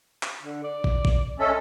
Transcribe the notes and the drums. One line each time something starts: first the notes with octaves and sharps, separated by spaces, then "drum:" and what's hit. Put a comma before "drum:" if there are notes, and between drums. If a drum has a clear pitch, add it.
drum: clap
D3
D5
drum: kick
drum: kick
G#3 C#4 A4 E5